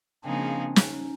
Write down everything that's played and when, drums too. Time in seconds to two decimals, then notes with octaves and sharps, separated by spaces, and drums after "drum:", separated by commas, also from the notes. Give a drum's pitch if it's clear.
0.24 C#3 F3 A#3 C4 D4 D#4 G#4
0.76 C#4 D#4, drum: snare